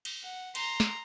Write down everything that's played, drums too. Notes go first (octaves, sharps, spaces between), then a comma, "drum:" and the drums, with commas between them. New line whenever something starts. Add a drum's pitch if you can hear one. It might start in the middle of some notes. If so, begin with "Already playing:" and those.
drum: cymbal
F#5
A#5 C6, drum: cymbal
drum: snare